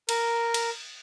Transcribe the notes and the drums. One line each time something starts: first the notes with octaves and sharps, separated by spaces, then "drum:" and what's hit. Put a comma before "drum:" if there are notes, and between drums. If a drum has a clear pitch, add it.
A#4, drum: cymbal
drum: cymbal